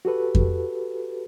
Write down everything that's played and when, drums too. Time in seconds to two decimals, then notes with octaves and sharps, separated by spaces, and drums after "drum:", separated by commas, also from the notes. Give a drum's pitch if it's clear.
0.05 F#4 G4 A4 B4
0.35 drum: kick F2